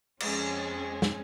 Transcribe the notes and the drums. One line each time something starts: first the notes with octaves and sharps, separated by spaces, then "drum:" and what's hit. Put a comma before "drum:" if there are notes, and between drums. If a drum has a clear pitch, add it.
F2 G#3 C4 C#4 G#5, drum: cymbal
drum: snare